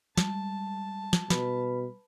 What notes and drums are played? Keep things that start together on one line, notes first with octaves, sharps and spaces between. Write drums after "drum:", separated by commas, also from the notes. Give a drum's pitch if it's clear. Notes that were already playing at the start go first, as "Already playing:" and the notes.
G3 G#3 A5, drum: snare
drum: snare
B2 B4 B5, drum: snare